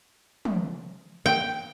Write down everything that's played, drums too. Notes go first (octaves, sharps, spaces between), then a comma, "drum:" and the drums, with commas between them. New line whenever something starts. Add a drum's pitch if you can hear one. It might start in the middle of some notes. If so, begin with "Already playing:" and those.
drum: tom
G5